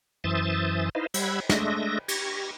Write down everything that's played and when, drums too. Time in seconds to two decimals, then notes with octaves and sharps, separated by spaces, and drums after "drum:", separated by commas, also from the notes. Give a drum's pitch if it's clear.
0.24 F#2 E3 C5 E5 D#6 A6
0.95 D#4 E4 B4 C5 D#5 F5
1.14 G3 F#5 B5 E6 G#6, drum: cymbal
1.49 G#3 A3 D4 D#5 E5 A#6, drum: snare
2.08 G4 C#6 G#6 A#6, drum: cymbal